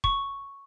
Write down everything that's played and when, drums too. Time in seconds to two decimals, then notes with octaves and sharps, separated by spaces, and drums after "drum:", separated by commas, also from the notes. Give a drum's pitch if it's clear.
0.04 C#6, drum: kick